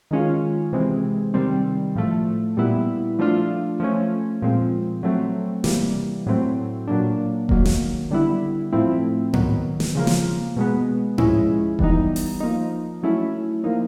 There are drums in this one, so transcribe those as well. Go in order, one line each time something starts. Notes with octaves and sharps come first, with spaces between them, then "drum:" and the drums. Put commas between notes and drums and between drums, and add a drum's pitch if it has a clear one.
D#3 G#3 C#4 F4
C3 E3 G#3 C4
C3 D#3 G3 C4
A2 F3 A3
A#2 G3 B3 E4
F3 A3 D4 F4
F3 A3 C#4
A#2 F3 G#3 C4
F#3 A3 C4
C3 E3 G3 A#3, drum: snare
A2 F#3 A3 C4
A#2 F#3 A#3 D4
D#3 F#3 A#3, drum: kick E1
drum: snare
D3 G3 B3 E4
A2 F3 A3 C4 E4
D#3 F#3 B3, drum: tom G#2
drum: snare
C#3 F3 A#3
drum: snare
B2 G#3 B3
F3 G#3 C#4 E4, drum: tom G#2
E3 G3 B3 D#4, drum: kick E1
drum: open hi-hat
F3 A#3 D#4
F#3 A3 C#4 E4
F3 A#3 D#4